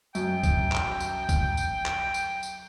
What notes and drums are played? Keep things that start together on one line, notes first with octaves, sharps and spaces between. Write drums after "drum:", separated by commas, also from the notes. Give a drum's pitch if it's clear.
F#2 G5, drum: tambourine
drum: kick, tambourine
drum: clap
drum: tambourine
drum: kick, tambourine
drum: tambourine
drum: clap
drum: tambourine
drum: tambourine